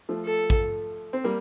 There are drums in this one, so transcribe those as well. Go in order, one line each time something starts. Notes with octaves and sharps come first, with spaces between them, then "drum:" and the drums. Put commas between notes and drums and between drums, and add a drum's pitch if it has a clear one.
F3 A3
A4
drum: kick A1
C4
G3 A#3